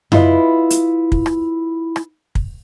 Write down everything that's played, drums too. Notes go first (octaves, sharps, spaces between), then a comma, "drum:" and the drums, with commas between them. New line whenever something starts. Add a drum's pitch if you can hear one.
E4 F4 B4 D#5, drum: tom F#2
drum: hi-hat
drum: kick
drum: rim click
drum: rim click
drum: kick